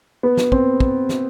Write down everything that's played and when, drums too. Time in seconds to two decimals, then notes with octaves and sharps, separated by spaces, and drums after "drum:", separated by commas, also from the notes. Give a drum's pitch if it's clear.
0.23 B3
0.37 drum: snare
0.52 C4, drum: kick
0.80 drum: kick
1.09 drum: snare